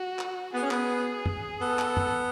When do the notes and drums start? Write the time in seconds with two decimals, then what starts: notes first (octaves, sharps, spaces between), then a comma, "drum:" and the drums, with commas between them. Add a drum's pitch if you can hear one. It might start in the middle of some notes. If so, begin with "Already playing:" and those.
Already playing: F#4
0.19 drum: clap
0.54 B3 G#4
0.63 C#4
0.71 B3, drum: clap
1.26 drum: tom F#2
1.61 B3 A4
1.79 drum: clap
1.97 drum: tom F#2